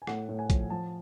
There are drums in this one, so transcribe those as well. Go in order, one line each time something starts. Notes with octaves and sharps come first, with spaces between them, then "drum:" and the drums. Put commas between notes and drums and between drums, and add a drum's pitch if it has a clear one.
G#5
A2 F#5, drum: rim click
A2
G#5
F3, drum: kick A#1, hi-hat
F3 A5